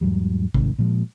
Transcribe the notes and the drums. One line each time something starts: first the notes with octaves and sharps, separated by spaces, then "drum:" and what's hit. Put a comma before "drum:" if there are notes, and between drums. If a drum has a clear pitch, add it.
E2 G#2 F#3 G3
C2 G#2 C3 D#3, drum: kick G#1
A#2 F3 G#3